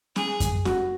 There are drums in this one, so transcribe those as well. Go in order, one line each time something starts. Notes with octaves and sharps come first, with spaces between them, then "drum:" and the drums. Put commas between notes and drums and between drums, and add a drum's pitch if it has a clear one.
G#4, drum: snare C#4
drum: kick F#2, hi-hat
F#4, drum: snare C#4